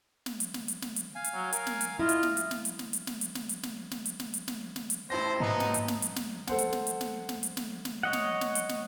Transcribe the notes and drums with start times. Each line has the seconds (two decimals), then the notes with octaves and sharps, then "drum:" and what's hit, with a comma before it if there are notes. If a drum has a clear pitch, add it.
0.26 drum: snare
0.40 drum: hi-hat
0.54 drum: snare
0.68 drum: hi-hat
0.82 drum: snare
0.96 drum: hi-hat
1.15 F5 G#5
1.24 drum: hi-hat
1.34 F#3
1.53 A#4, drum: hi-hat
1.67 drum: snare
1.81 drum: hi-hat
1.99 E4 F4 D#5
2.09 drum: hi-hat
2.23 drum: snare
2.37 drum: hi-hat
2.51 drum: snare
2.65 drum: hi-hat
2.79 drum: snare
2.93 drum: hi-hat
3.07 drum: snare
3.21 drum: hi-hat
3.35 drum: snare
3.49 drum: hi-hat
3.63 drum: snare
3.91 drum: snare
4.06 drum: hi-hat
4.20 drum: snare
4.34 drum: hi-hat
4.48 drum: snare
4.76 drum: snare
4.90 drum: hi-hat
5.10 A1 E4 C5 A5 A#6
5.40 G#2 F#3 A#3 B3 D#4 D#5 A#5
5.60 drum: snare
5.74 drum: hi-hat
5.88 drum: snare
6.02 drum: hi-hat
6.16 drum: snare
6.47 A4 C5 F#5, drum: snare
6.58 drum: hi-hat
6.73 drum: snare
6.87 drum: hi-hat
7.01 drum: snare
7.29 drum: snare
7.43 drum: hi-hat
7.57 drum: snare
7.85 drum: snare
8.03 C#5 D#5 F#5
8.13 drum: snare
8.41 drum: snare
8.55 drum: hi-hat
8.69 drum: snare